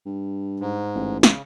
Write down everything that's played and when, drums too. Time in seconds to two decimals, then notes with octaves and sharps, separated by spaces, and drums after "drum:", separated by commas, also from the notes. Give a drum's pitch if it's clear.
0.06 G2
0.60 G#2
0.95 A1
1.23 C#3, drum: snare